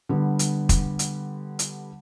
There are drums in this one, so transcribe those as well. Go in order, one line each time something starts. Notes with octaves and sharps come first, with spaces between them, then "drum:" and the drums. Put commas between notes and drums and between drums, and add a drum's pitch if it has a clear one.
D3 G3 B3
drum: hi-hat
drum: kick, hi-hat
drum: hi-hat
drum: hi-hat